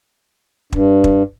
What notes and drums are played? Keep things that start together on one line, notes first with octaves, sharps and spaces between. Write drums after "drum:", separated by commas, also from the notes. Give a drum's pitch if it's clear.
G2, drum: kick
drum: kick